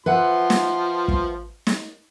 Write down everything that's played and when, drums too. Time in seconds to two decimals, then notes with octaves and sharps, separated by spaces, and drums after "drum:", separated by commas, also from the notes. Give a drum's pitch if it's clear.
0.06 F3 B4 E5 F#5 C6
0.50 drum: snare
1.08 drum: kick
1.67 drum: snare